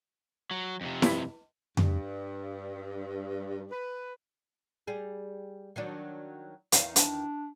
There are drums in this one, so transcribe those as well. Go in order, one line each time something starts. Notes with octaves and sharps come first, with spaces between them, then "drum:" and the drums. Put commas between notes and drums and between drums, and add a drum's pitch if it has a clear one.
F#3
F2 C3
G2 E4, drum: snare E4
G2, drum: tom F2
B4
G3 G#4
D#3 F#3 D4
E2 D#3 F5, drum: hi-hat
D4, drum: hi-hat